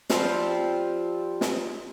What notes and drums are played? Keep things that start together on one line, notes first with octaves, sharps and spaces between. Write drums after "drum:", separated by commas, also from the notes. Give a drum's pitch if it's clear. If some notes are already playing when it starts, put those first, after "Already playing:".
F3 G3 C4 F4, drum: snare
drum: snare